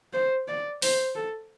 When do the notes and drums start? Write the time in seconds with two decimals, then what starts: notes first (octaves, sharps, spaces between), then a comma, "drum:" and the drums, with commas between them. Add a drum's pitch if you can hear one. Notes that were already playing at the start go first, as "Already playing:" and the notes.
0.13 C5
0.48 D5
0.82 C5, drum: open hi-hat
1.16 A4